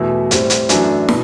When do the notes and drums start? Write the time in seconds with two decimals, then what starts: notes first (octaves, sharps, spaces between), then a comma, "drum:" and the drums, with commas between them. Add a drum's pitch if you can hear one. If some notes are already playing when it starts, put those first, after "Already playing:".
Already playing: E2 B2 A3 E4
0.31 A2 G3 C4, drum: hi-hat
0.50 drum: hi-hat
0.69 F#2 E3 A3 D4 F#4, drum: hi-hat
1.09 B2, drum: snare